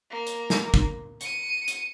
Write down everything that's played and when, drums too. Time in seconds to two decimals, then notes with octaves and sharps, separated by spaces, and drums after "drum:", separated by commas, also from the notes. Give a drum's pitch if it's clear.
0.11 A#3
0.27 drum: hi-hat
0.50 drum: snare
0.74 drum: kick
1.21 C#7 D#7, drum: hi-hat
1.68 drum: hi-hat